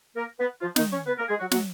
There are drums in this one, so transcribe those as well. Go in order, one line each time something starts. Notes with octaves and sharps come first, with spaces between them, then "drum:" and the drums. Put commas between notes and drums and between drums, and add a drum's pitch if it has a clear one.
A#3 A#4
B3 B4
F3 F4
D#3 D#4, drum: snare
C#4 C#5
B3 B4
A#3 A#4
G#3 G#4
F#3 F#4
F#3 F#4, drum: snare